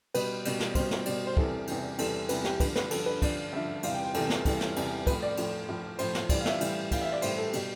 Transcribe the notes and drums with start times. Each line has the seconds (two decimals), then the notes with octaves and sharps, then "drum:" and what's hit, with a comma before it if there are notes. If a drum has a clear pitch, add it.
0.14 B2 G3 B4, drum: cymbal
0.45 B2 G3, drum: cymbal
0.60 drum: snare
0.75 B2 G3 C5, drum: kick, cymbal
0.91 drum: snare
1.06 B2 G3 D5, drum: cymbal
1.27 C5
1.37 E2 C3 E3 G3 A4, drum: kick
1.67 E2 C3 E3 G3, drum: cymbal
1.99 E2 C3 E3 G3 A4, drum: cymbal
2.29 E2 C3 E3 G3 B4, drum: cymbal
2.44 G4, drum: snare
2.60 G2 D3 F3 B4, drum: kick, cymbal
2.76 B4, drum: snare
2.91 G2 D3 F3 A4, drum: cymbal
3.06 B4
3.22 G2 D3 F3 D5, drum: kick, cymbal
3.53 G2 D3 F3 E5
3.83 E2 C3 E3 G3 F5, drum: cymbal
3.94 G5
4.05 G5
4.14 E2 C3 E3 G3 A4, drum: cymbal
4.30 drum: snare
4.45 E2 C3 E3 G3 A4, drum: kick, cymbal
4.61 drum: snare
4.76 E2 C3 E3 G3, drum: cymbal
5.07 A2 F3 B4, drum: kick, cymbal
5.22 D5
5.37 A2 F3, drum: cymbal
5.69 A2 F3
5.99 A2 F3 C5, drum: cymbal
6.15 drum: snare
6.29 A2 E3 G3 D5, drum: kick, cymbal
6.41 F5
6.45 E5, drum: snare
6.61 A2 E3 G3, drum: cymbal
6.91 A2 E3 G3 F5, drum: kick, cymbal
7.01 E5
7.12 D5
7.22 A2 E3 G3 C5, drum: cymbal
7.38 A4
7.53 B2 G3 G4, drum: cymbal